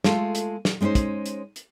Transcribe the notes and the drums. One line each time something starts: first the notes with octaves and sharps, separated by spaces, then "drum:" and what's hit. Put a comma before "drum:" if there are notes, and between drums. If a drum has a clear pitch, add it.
G#3 A3 F4 A4, drum: snare
drum: hi-hat
drum: snare
G#3 C4 C#4 D#4 C5
drum: kick, hi-hat
drum: hi-hat
drum: hi-hat